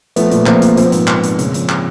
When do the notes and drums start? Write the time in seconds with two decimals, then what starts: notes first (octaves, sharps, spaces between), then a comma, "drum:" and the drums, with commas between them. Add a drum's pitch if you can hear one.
0.16 F3 A3 B3, drum: hi-hat
0.31 A#2, drum: hi-hat
0.46 F3 A#3 C4, drum: clap
0.62 A#2, drum: hi-hat
0.77 F3 C4, drum: hi-hat
0.85 B3
0.92 G#2 A#3 C4, drum: hi-hat
1.07 F3, drum: clap
1.23 G#2, drum: hi-hat
1.39 C#3, drum: hi-hat
1.54 F3, drum: hi-hat
1.69 drum: clap